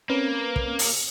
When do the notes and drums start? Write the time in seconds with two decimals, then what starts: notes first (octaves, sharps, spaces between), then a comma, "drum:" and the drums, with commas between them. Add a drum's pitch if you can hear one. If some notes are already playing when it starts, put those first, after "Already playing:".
0.09 A#3 C4 C#4 B4
0.56 drum: kick
0.79 drum: open hi-hat